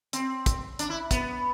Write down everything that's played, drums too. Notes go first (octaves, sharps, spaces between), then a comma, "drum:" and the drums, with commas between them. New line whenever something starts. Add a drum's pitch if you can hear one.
C4, drum: hi-hat
drum: kick, hi-hat
D4, drum: hi-hat
E4
B3, drum: kick, hi-hat